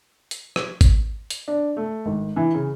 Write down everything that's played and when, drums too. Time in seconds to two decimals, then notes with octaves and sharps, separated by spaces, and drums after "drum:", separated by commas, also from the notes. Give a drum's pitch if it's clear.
0.31 drum: hi-hat
0.56 drum: rim click
0.81 drum: kick G#1, hi-hat
1.30 drum: hi-hat
1.48 D4
1.77 A3
2.06 G#1
2.36 E3
2.55 C#3